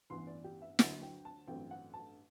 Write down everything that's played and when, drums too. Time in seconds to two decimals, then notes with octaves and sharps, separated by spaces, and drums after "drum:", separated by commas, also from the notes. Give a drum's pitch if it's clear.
0.10 A1 G2 E3 B3 C6
0.27 D5
0.44 G4
0.62 E5
0.79 D2 D3 F#3 F#5, drum: snare
1.02 G5
1.25 A5
1.48 A1 G2 F#3 A3 C4 G5
1.71 F#5
1.94 A5